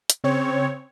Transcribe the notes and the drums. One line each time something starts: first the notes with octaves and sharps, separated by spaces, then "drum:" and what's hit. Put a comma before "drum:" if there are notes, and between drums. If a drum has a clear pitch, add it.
drum: hi-hat
C#3 C4 C#5